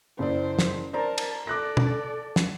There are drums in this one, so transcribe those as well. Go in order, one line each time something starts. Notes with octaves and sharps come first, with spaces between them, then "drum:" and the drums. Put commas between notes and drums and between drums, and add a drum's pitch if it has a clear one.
F#1 E4 C5 D5
drum: snare
A#4 C5 D5 A5 A#5
drum: cymbal
A4 D5 D6 F#6 A#6
drum: tom B2
drum: snare